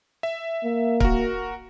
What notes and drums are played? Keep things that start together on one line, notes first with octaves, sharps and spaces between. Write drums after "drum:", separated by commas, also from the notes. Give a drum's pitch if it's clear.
E5
A#3
F#4 A#4, drum: kick C#1